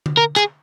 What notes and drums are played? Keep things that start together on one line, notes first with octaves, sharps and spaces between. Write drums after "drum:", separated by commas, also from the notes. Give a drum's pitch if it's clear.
drum: tom D3
A#4
G#4, drum: clap